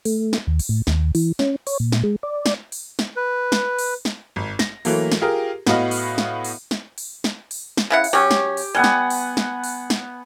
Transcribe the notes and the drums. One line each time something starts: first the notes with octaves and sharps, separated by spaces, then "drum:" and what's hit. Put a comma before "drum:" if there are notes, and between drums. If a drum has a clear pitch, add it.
A3, drum: open hi-hat
drum: snare
D#2
drum: open hi-hat
A2
D#2, drum: snare
E3, drum: open hi-hat
C#4, drum: snare
C#5, drum: open hi-hat
A#2
drum: snare
G#3
D5
drum: snare
drum: open hi-hat
drum: snare
B4
drum: snare
drum: open hi-hat
drum: snare
G#1
A#6, drum: snare
E3 F#3 A3 A#3, drum: open hi-hat
drum: snare
F4 G4 G#4 A#4
A2 B3 F#4 D#5 F5 B5, drum: snare
drum: open hi-hat
drum: snare
drum: open hi-hat
drum: snare
drum: open hi-hat
drum: snare
drum: open hi-hat
drum: snare
C#3 E4 F#5
drum: open hi-hat
F#3 C#4 G4
drum: snare
drum: open hi-hat
G3 B3 F#5 G#5
drum: snare
drum: open hi-hat
drum: snare
drum: open hi-hat
drum: snare